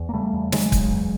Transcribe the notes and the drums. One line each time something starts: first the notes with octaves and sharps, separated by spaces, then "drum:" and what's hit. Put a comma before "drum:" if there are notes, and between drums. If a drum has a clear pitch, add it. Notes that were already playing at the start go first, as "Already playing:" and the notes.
Already playing: E2
A#3
C#3 G3 A3
E2
C#3 F#3 G#3, drum: snare
C#3, drum: kick, hi-hat
E2